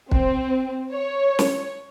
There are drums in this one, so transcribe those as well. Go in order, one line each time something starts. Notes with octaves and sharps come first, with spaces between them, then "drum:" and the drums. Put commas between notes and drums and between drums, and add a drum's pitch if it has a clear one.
C4, drum: kick
C#5
drum: snare